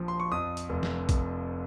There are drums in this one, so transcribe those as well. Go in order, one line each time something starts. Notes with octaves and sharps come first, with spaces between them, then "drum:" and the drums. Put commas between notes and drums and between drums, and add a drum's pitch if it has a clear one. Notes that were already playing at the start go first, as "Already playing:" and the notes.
Already playing: A#1 F3
C6
C#6
F2 D#6
drum: hi-hat
F1
drum: snare
drum: kick A#1, hi-hat